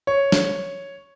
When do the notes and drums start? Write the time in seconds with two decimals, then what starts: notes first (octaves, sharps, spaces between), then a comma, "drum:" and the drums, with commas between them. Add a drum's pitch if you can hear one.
0.07 C#5
0.32 drum: snare